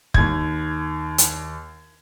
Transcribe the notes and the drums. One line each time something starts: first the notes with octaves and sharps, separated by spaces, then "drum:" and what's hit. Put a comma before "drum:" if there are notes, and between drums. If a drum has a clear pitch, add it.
D#2 G#6, drum: kick
drum: hi-hat